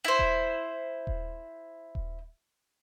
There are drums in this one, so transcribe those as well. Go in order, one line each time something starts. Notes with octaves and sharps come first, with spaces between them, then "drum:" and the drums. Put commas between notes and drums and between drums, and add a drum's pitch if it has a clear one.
E4 C5
drum: kick D#1
drum: kick D#1
drum: kick D#1